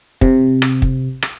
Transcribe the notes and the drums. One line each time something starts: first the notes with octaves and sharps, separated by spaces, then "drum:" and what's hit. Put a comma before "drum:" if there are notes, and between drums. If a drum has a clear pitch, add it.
C3, drum: kick
drum: rim click
drum: kick
drum: rim click